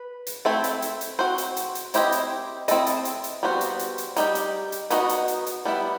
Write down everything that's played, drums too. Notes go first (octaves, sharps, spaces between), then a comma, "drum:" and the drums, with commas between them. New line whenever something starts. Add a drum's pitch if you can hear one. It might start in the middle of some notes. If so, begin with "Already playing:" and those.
Already playing: B4
drum: hi-hat
A3 C4 E4 A4 C5
drum: hi-hat
drum: hi-hat
drum: hi-hat
C4 F#4 C5
drum: hi-hat
drum: hi-hat
drum: hi-hat
C4 E4 G4 C5 D#5, drum: hi-hat
drum: hi-hat
C4 E4 A4 D#5, drum: hi-hat
drum: hi-hat
drum: hi-hat
drum: hi-hat
G3 B3 F#4 C5
drum: hi-hat
drum: hi-hat
drum: hi-hat
G3 D#4 G4, drum: hi-hat
drum: hi-hat
drum: hi-hat
B3 D#4 F#4 B4 D#5, drum: hi-hat
drum: hi-hat
drum: hi-hat
drum: hi-hat
G3 B3 E4